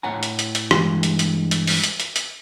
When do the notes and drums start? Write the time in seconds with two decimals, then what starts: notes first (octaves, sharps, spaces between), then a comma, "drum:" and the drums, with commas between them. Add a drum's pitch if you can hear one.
0.03 A2 C#5 F#5 G#5 A#5
0.23 drum: hi-hat
0.39 drum: hi-hat
0.55 drum: hi-hat
0.71 G2 E3 G#3, drum: rim click
1.03 drum: hi-hat
1.19 drum: hi-hat
1.51 drum: hi-hat
1.67 drum: open hi-hat
1.84 drum: hi-hat
2.00 drum: hi-hat
2.16 drum: hi-hat